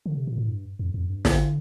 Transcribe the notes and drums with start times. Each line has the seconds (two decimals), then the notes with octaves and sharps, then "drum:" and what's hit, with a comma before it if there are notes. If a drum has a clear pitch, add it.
0.06 D3
0.17 C3
0.27 A#2
0.38 A2
0.49 G2
0.79 F2
0.94 F2
1.09 G2
1.25 D3, drum: snare